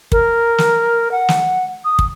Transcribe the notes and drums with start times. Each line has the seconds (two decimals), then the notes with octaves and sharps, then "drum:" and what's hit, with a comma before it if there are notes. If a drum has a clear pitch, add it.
0.12 A#4, drum: kick
0.58 drum: snare
1.11 F#5
1.29 drum: snare
1.85 D#6
1.99 drum: kick